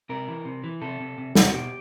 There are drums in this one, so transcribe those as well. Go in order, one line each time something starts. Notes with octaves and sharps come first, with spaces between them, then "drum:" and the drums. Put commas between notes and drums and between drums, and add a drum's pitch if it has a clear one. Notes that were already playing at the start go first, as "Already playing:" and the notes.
C3 A#4
E3
C3
E3
C3 A4
C3
C3
C3, drum: snare
F#4
B2 G4